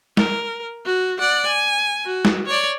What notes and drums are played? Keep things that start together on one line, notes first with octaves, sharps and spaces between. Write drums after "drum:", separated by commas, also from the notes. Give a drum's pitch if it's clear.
A#4, drum: snare
F#4
D5 F#5
G#5
F#4
drum: snare
C#5 D5